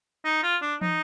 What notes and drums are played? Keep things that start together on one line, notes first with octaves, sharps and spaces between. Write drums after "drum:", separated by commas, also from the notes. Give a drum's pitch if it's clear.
D#4
F4
D4
D#4, drum: tom